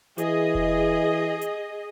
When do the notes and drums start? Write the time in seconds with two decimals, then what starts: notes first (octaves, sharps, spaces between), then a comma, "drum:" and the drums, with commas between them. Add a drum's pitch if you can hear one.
0.18 E3 G#4 D#5, drum: hi-hat
0.55 drum: kick E1
1.41 drum: hi-hat